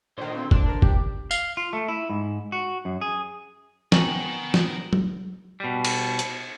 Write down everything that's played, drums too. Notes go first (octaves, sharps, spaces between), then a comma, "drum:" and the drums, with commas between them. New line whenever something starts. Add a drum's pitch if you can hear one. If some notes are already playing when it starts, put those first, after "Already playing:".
A#2 D3 D#3 C5 C6
C4
D4, drum: kick F1
A#4
G4, drum: kick F1
F5, drum: tambourine
F4
A3
E4
G#2
F#4
F#2
G#4
B3 A#4 G5 G#5 A#5 C#6 F#7, drum: snare
drum: snare
drum: tom F#3
B2 G3
drum: cymbal
drum: hi-hat